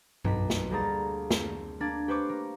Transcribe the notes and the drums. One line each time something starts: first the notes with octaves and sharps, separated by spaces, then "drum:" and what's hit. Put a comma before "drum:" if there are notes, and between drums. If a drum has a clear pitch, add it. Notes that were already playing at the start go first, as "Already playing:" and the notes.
B1 B6, drum: tom G2
drum: snare
D2 G3 A#3 G#4 A#5 A6
C4, drum: snare
A#3 D4 G#6 A6
G4 B4 C5 C#6 D6
A#3